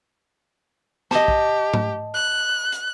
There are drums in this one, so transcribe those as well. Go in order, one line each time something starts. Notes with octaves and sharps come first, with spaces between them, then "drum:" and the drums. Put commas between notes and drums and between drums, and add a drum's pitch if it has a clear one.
G4 D#5 A5, drum: snare
drum: kick
drum: tom G#2
F#6
drum: hi-hat